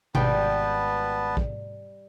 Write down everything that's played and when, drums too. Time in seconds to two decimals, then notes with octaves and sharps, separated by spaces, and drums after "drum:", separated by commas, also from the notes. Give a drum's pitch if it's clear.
0.15 G#1 G3 B3 B4 G5 A5, drum: tom B2
1.37 drum: kick